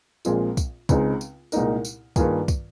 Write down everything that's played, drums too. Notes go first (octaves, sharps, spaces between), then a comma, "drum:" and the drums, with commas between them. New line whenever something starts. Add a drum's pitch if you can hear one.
A#1 A#2 G#3 C4 F4, drum: tambourine
drum: kick, tambourine
C#2 C#3 G#3 C4 D#4, drum: kick, tambourine
drum: tambourine
C2 A#2 G#3 D#4 A#4, drum: tambourine
drum: tambourine
G2 D#3 A#3 F4 G#4, drum: kick, tambourine
drum: kick, tambourine